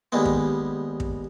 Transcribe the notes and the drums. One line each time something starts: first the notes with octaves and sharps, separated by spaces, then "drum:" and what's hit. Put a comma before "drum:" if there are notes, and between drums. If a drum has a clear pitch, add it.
D#2 G3 G#3 B3
drum: kick
drum: kick